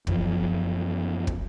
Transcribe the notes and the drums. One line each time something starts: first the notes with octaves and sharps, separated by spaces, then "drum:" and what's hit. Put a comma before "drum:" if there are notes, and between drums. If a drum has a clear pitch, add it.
F#2 E3 F3, drum: kick
drum: kick